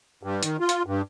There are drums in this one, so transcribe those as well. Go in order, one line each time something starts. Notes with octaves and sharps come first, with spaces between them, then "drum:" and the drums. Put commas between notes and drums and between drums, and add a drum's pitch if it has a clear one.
G2
D#3, drum: hi-hat
F4
drum: hi-hat
G2